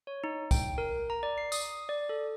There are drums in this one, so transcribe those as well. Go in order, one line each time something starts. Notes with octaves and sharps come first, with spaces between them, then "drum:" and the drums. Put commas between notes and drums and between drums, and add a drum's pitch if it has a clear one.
C#5
D#4
G5, drum: kick, tambourine
A#4
A#5
D5
C7
D#6, drum: tambourine
D5
A4